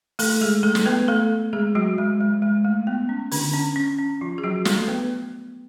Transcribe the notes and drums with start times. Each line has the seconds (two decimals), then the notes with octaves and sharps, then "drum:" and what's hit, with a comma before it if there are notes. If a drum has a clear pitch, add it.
0.19 A3 A4, drum: open hi-hat
0.41 G#3 G#4
0.63 A3 A4
0.75 drum: snare
0.86 B3 B4
1.08 A3 A4
1.53 G#3 G#4
1.75 F#3 F#4
1.98 G#3
2.20 G#3
2.42 G#3
2.65 A3
2.87 B3
3.09 C#4
3.31 D3 D4, drum: open hi-hat
3.53 C#4
3.76 C#4
3.98 C#4
4.21 F3 F4
4.38 G#4
4.44 F#3 F#4
4.65 A3 A4, drum: snare
4.88 B3 B4